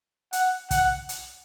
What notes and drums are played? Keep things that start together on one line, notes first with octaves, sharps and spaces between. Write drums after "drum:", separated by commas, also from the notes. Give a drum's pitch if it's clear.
F#5, drum: hi-hat
F#5, drum: kick, hi-hat
drum: hi-hat